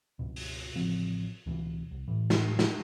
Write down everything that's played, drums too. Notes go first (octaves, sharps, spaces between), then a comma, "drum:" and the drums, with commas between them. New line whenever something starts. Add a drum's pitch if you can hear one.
C#2 G2 B2
drum: open hi-hat
A1 C#3 F3 C4
C#2 B2 E3
C2
A2 E3
drum: snare
drum: snare